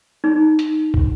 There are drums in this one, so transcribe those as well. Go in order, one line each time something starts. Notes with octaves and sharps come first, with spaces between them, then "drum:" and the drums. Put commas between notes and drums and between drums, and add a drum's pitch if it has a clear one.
D#4
drum: hi-hat
drum: kick